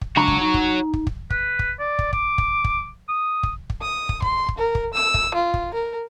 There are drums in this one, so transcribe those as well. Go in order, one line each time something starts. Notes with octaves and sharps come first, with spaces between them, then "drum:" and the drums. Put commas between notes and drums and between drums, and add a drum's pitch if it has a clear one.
drum: kick
C#2 D4 F#4 C#5 A#5
drum: kick
D#4
drum: kick
drum: kick
drum: kick
B4, drum: kick
drum: kick
D5
drum: kick
D6, drum: kick
drum: kick
drum: kick
D#6
drum: kick
drum: kick
D#6
drum: kick
C6, drum: kick
drum: kick
A#4
drum: kick
E6
drum: kick
F4
drum: kick
A#4